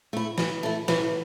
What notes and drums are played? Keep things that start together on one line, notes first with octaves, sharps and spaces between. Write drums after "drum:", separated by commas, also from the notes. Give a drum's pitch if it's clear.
A3 E4
E3, drum: snare
A3 E4
E3, drum: snare